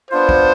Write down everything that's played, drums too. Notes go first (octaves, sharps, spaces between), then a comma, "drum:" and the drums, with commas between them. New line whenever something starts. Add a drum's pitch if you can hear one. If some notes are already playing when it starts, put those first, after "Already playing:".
B3 D4 F4 C5
drum: kick